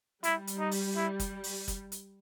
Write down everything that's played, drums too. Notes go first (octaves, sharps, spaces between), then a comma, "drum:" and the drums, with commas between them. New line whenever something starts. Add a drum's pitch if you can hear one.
G3 E4, drum: hi-hat
drum: hi-hat
D#4
drum: open hi-hat
E4
drum: kick F#1, hi-hat
drum: open hi-hat
drum: kick F#1, hi-hat
drum: hi-hat